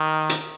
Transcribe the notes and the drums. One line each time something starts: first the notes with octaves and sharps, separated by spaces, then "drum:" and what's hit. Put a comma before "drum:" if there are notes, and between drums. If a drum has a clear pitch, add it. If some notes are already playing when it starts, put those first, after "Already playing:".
Already playing: D#3
drum: hi-hat